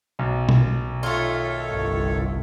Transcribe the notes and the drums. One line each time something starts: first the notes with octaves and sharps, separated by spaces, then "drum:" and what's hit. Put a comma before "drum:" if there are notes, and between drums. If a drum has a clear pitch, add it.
B1
drum: tom B2
D#3 A3 F4 A4 C#5
G1 C2